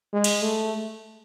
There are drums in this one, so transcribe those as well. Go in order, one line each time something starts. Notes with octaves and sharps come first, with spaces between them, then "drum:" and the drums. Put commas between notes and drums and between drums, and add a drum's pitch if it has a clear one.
G#3
drum: cymbal
A3